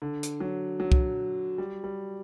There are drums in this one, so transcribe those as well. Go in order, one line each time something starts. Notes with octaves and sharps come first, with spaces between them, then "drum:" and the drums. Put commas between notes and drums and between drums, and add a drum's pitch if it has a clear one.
D3
drum: hi-hat
F#3
F#3
drum: kick C2
G3
G3